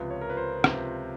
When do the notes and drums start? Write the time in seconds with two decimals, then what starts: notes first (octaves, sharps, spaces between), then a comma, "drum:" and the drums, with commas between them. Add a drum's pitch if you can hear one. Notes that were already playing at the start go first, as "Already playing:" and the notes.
Already playing: C#2 C3 F3 B4
0.10 C#5
0.21 A#4
0.30 B4
0.37 C5
0.64 C#2 C3 F3, drum: rim click